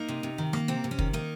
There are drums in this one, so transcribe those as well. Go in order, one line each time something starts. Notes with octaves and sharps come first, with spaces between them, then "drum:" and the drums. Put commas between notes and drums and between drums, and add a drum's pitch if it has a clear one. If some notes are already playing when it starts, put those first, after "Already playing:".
Already playing: A#3 D#4
C3
C3
D#3
A#3, drum: rim click
C3 C4
C3
C#4
D#3, drum: kick
A#3 D#4